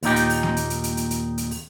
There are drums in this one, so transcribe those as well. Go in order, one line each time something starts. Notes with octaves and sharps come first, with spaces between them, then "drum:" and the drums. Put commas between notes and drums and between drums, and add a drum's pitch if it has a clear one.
D#2 A#2 D#4 G4, drum: open hi-hat
drum: hi-hat
drum: open hi-hat
drum: snare
drum: hi-hat
drum: hi-hat
drum: hi-hat
drum: hi-hat
drum: hi-hat
drum: hi-hat
drum: open hi-hat